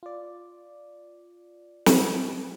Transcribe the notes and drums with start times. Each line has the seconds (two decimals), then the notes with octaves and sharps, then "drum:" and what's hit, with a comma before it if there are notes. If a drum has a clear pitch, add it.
0.03 F4 D5
1.86 drum: snare